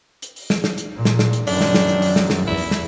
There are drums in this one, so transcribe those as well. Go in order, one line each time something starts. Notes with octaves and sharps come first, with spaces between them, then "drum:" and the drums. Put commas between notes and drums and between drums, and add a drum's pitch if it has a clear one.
drum: hi-hat
drum: open hi-hat
drum: snare
drum: snare
drum: hi-hat
A#2
drum: snare
drum: snare
drum: hi-hat
F#2 D#3 D4, drum: open hi-hat
drum: snare
drum: snare
drum: hi-hat
drum: open hi-hat
drum: snare
drum: snare
E2 E4
drum: open hi-hat
drum: snare